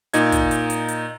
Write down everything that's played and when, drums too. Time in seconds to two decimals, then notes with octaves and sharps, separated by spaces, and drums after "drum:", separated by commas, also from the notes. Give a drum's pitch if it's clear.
0.14 A#2 D#4 G#6, drum: hi-hat
0.32 drum: kick, hi-hat
0.51 drum: hi-hat
0.70 drum: hi-hat
0.88 drum: hi-hat